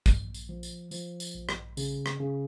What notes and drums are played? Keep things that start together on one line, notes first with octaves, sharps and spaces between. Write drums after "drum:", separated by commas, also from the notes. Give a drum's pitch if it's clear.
A#1, drum: kick, tambourine
drum: tambourine
F3
drum: tambourine
F3, drum: tambourine
drum: tambourine
A#1
drum: rim click
C#3, drum: tambourine
drum: rim click
C#3